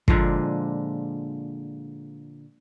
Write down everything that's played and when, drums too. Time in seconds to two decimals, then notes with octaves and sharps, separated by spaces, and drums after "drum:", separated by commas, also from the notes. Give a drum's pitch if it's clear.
0.08 A#2 D3 F3 G#3, drum: kick